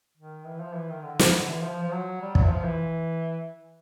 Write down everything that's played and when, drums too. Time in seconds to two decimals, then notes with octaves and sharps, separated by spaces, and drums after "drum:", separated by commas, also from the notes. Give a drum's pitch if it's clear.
0.17 D#3
0.46 E3
0.61 F3
0.75 E3
0.90 D#3
1.04 D3
1.19 C#3, drum: snare
1.34 D3
1.48 E3
1.63 F3
1.82 F3
1.92 F#3
2.21 G3
2.35 F#3, drum: kick
2.43 E3
2.50 F3
2.64 E3